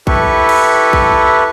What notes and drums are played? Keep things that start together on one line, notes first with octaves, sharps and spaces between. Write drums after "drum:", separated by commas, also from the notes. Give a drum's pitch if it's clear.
E4 G4 A4 B4 C#6, drum: kick
drum: cymbal
drum: kick